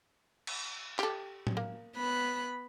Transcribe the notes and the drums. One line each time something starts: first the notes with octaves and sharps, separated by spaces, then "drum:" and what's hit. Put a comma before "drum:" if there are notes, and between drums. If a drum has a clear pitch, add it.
drum: cymbal
G4 A4, drum: clap
drum: tom A2
A#3
B3 B5 F#6